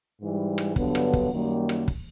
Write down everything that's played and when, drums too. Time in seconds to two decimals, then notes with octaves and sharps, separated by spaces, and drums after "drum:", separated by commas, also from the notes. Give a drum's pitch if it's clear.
0.20 G#2 E3 G3
0.58 drum: rim click
0.76 G2 D3 F#3 B3, drum: kick
0.95 drum: rim click
1.13 drum: kick
1.32 F#2 D#3 G3 A#3
1.69 drum: rim click
1.88 drum: kick